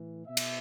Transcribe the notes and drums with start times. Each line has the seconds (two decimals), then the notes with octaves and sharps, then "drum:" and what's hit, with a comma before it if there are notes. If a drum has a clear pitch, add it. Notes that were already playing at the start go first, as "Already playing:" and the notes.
Already playing: A2 E3
0.26 B2 E5
0.37 drum: cymbal